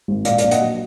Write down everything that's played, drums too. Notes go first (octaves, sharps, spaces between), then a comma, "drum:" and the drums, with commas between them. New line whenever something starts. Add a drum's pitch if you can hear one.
G#1
A#2 D5 F5, drum: hi-hat
D5 F5, drum: hi-hat
A#1
D#5 F#5, drum: hi-hat
F#3